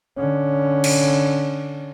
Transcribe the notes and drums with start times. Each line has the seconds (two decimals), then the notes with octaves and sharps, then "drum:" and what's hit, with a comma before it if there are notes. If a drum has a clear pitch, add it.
0.18 D3 C#4
0.84 drum: cymbal